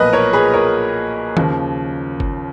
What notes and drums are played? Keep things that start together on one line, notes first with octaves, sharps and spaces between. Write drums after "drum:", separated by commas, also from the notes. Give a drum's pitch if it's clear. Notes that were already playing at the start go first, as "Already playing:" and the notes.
Already playing: B1 A#2 F3 B4 D#5
A#4 C#5
G#4 B4
A#4 C#5
D#2 C#3 F3, drum: tom D#3
drum: kick G1